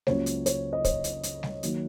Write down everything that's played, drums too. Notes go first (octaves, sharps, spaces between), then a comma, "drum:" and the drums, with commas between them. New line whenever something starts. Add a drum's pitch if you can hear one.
C#2 C#3 F#3 A#3 C#5, drum: snare G3
drum: hi-hat
C#5, drum: hi-hat
D#5
C#5, drum: kick, hi-hat
drum: hi-hat
drum: hi-hat
drum: snare G3
D#3 F#3 A#3, drum: hi-hat